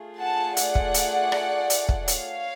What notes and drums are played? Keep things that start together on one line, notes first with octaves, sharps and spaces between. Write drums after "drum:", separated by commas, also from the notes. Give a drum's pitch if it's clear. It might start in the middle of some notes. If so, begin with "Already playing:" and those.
Already playing: A3 F4 G#4
F#5 A5
D5 F#5, drum: hi-hat
drum: kick
drum: hi-hat
drum: rim click
drum: hi-hat
drum: kick
C#5 F5, drum: hi-hat